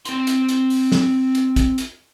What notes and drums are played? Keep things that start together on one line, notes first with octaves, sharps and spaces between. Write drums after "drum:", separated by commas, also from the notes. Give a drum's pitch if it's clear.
C4 C6, drum: hi-hat
drum: hi-hat
drum: hi-hat
drum: open hi-hat
drum: snare
drum: hi-hat
drum: kick, hi-hat
drum: hi-hat